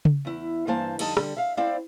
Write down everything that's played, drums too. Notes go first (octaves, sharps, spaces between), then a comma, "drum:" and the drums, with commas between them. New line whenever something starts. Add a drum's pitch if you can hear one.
drum: tom C#3
E2 E4
G2 E3 A#3 C5 A5
F2 D3 G3 D#4 D#5 A5, drum: cymbal
D3 G3, drum: rim click
E5 F5
C4 E4 C5 D5 F5